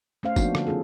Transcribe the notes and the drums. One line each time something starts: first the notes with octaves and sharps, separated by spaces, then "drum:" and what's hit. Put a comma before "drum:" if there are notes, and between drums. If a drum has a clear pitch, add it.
A3 C#4 C5 F5
F3 A#3 B3 D4 D#4 F#4, drum: kick, tambourine
D3, drum: rim click
C#3 C#4 F4 G#4 A4